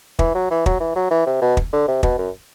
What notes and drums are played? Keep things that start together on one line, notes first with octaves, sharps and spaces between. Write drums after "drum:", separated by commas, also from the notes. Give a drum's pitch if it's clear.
E3, drum: kick
F#3
E3
F#3, drum: kick
E3
F#3
E3
C3
B2
drum: kick
D3
C3
B2, drum: kick
F#2